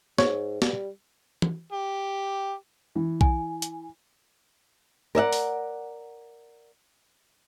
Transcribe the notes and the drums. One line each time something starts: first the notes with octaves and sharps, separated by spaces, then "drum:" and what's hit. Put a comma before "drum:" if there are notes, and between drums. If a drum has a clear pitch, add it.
G#2 C#5, drum: snare
G3, drum: snare
drum: tom
G4
E3
G#5, drum: kick B1
drum: hi-hat
A#4 D5 E5 F#5
drum: open hi-hat